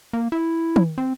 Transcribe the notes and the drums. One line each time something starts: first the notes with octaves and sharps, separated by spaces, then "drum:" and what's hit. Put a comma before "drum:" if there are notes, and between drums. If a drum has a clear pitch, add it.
A#3
E4
drum: tom
C4